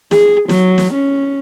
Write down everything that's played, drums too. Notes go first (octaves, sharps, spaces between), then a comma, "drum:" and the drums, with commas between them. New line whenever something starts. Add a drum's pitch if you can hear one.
G#4, drum: snare
F#3, drum: snare
drum: snare
C#4